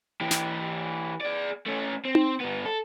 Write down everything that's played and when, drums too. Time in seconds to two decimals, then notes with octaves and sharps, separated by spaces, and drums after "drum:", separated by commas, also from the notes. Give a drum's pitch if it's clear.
0.21 E3 G4
0.31 drum: snare
1.21 G#4 D5
1.67 A3 C#4
2.05 C4
2.15 drum: tom D#4
2.40 G2 B3
2.65 A4